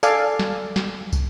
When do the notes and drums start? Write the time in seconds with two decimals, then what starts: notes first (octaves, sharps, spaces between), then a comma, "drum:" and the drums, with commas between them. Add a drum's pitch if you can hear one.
0.03 A4 D5 F5 G#5, drum: tambourine
0.39 drum: snare
0.76 drum: snare
1.12 drum: kick, tambourine